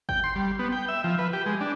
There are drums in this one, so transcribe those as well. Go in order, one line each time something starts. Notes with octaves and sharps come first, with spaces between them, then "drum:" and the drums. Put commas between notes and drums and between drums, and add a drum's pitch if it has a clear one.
G5, drum: kick G1
C6
G3
B3
G5
E5
F3
B4
G4
G#3
D4